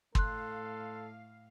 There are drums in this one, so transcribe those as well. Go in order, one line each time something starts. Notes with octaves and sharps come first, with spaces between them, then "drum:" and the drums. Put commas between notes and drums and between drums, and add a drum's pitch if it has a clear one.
A2 A4 F5 C6 F#6, drum: kick